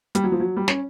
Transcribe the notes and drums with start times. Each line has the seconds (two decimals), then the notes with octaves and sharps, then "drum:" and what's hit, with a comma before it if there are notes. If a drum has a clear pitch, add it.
0.15 G3, drum: hi-hat
0.24 F#3
0.32 F3
0.40 F#3
0.57 G3
0.68 C#4, drum: snare